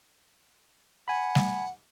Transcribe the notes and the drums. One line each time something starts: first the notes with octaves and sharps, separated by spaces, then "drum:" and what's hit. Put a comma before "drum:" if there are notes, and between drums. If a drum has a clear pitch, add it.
F#5 G#5 B5
drum: snare G3